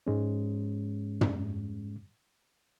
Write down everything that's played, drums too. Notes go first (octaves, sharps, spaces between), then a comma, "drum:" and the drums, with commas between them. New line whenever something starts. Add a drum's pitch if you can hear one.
G#2 G#3 C#4
drum: tom